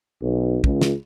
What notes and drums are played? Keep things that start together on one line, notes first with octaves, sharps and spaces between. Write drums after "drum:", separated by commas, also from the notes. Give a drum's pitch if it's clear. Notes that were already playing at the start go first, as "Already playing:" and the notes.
B1
C#2, drum: kick
drum: snare